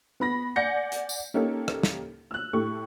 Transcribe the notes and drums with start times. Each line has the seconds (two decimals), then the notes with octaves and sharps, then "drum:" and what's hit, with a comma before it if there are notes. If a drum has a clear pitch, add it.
0.20 B3 B5 A#6
0.56 D5 F#5 G#5 G6 A#6 C#7
0.92 drum: hi-hat
1.09 drum: tambourine
1.34 A#3 C#4 D#4 G4 A4
1.68 drum: rim click
1.83 drum: snare
2.31 E6 F#6
2.53 A2 G4 A4 C#6